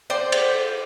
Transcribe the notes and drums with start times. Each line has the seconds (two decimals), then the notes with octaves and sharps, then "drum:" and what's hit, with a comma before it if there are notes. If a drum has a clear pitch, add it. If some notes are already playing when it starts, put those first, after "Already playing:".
0.10 C5 D5 G5
0.32 drum: cymbal